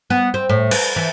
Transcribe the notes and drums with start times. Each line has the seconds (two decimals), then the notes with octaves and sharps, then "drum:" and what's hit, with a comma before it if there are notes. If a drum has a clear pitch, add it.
0.10 B3
0.34 C4
0.49 A2
0.71 B4, drum: cymbal
0.96 E3